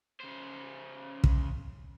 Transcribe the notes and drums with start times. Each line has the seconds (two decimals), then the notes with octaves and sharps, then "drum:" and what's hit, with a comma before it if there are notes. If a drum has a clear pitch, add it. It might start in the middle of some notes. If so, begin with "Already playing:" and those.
0.20 C#3 C5
1.24 drum: kick